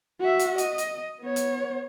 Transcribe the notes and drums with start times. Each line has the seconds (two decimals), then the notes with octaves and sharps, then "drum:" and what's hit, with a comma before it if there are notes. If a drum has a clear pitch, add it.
0.20 F#4 E5
0.39 drum: hi-hat
0.58 D#5, drum: hi-hat
0.78 drum: hi-hat
1.21 B3 C#5
1.36 drum: hi-hat